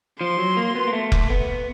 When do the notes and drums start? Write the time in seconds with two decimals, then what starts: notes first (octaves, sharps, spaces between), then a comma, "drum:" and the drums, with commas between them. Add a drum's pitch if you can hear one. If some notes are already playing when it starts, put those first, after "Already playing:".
0.20 F3 C6
0.39 F#3
0.57 A#3
0.75 B3
0.88 A#3
0.93 A3
1.12 drum: kick F1
1.30 B3